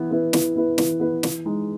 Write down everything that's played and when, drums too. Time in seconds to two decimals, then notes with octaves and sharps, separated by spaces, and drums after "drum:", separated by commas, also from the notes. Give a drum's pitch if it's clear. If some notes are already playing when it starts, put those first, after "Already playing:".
Already playing: E3 B3 E4 B4
0.11 B3 E4 B4
0.33 E3, drum: snare
0.56 B3 E4 B4
0.78 E3, drum: snare
1.00 B3 E4 B4
1.23 E3, drum: snare
1.45 G#3 D#4